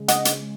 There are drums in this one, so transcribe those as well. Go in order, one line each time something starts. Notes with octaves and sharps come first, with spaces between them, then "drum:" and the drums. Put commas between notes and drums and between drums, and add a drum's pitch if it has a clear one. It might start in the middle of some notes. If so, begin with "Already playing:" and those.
Already playing: C#3 G#3
D#5 F#5, drum: hi-hat
drum: hi-hat